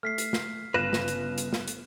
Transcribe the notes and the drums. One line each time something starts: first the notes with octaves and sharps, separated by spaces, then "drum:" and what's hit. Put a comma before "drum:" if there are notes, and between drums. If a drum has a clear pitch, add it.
A3 F6 B6 C7
drum: hi-hat
drum: snare
G1 C#3 F4 B4 F#6 A#6 E7
drum: snare
drum: hi-hat
drum: hi-hat
drum: snare
drum: hi-hat